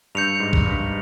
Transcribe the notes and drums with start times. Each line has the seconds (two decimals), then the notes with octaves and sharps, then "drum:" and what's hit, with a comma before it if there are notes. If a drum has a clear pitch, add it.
0.15 G2 G6 C#7 F7
0.40 G#2
0.53 drum: kick
0.66 G2